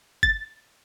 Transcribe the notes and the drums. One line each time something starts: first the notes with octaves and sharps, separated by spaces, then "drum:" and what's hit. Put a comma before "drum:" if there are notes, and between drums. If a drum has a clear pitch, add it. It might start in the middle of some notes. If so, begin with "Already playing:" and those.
A6, drum: kick